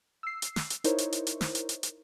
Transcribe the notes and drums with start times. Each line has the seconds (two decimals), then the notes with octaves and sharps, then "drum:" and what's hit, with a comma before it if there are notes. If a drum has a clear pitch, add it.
0.23 E6 C7
0.42 drum: hi-hat
0.56 drum: snare
0.70 drum: hi-hat
0.84 D#4 E4 A#4 C5 C#5, drum: hi-hat
0.98 drum: hi-hat
1.12 drum: hi-hat
1.27 drum: hi-hat
1.41 drum: snare
1.55 drum: hi-hat
1.69 drum: hi-hat
1.83 drum: hi-hat